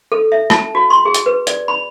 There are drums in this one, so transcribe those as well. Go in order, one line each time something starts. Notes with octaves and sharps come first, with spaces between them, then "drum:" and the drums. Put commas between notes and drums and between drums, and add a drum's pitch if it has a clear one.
A4
E5
A5, drum: rim click
F#4
C6
G#4
drum: hi-hat
B4
D5, drum: hi-hat
B5